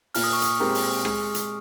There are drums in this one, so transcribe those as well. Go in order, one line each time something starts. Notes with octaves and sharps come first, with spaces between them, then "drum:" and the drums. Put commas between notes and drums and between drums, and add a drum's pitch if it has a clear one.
A#2 F6, drum: open hi-hat
D#6
C#6
D#6, drum: hi-hat
G#3 C4 G4 A#4
drum: open hi-hat
G#3, drum: rim click
drum: hi-hat